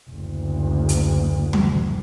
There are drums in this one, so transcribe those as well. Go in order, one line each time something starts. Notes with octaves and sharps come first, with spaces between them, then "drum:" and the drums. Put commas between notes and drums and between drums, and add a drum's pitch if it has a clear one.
F#1 D2
drum: hi-hat
drum: tom